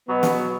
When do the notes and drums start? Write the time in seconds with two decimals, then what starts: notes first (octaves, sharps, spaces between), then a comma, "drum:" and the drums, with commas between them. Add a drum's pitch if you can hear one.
0.09 B2 F#3 B3
0.23 drum: snare